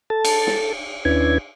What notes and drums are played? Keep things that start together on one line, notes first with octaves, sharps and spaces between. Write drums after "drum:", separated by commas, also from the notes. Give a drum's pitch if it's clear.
A4 A5
drum: cymbal
drum: snare
D#2 C#4 D4 E4 B4 G#6